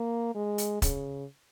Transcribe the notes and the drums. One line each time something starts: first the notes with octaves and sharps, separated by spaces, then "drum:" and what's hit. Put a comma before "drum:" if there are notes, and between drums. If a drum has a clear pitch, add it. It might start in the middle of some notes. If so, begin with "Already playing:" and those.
Already playing: A#3
G#3
drum: hi-hat
C#3, drum: kick, hi-hat